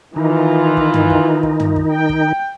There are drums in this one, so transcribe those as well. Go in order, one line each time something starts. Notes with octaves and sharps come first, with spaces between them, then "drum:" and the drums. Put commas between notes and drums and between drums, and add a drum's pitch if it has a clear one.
D#3 E3 D#4 F4
drum: kick
drum: tom
drum: kick
drum: kick
drum: tom
drum: kick
G5
drum: kick